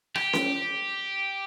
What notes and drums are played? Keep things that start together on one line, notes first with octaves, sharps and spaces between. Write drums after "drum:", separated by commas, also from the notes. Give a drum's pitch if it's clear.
G4, drum: rim click
drum: snare C#4